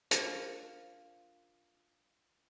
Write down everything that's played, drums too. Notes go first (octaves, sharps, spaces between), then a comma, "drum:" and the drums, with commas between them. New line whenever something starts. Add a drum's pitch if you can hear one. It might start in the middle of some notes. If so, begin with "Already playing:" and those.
A#3 D4 F4 C5 D5 G5, drum: hi-hat